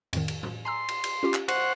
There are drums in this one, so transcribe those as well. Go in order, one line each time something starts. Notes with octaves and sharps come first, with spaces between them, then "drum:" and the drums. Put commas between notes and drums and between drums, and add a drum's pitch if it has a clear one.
F2 A2 D#3, drum: cymbal
drum: cymbal
drum: tom A2
G#5 A#5 C6 E6
drum: cymbal
drum: cymbal
C#4 F4 G4
drum: clap
C5 F#5 C#6, drum: cymbal